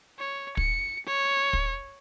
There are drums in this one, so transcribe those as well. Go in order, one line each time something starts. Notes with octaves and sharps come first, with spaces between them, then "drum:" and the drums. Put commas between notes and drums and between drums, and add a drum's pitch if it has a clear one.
C#5
C#7, drum: kick
C#5
drum: kick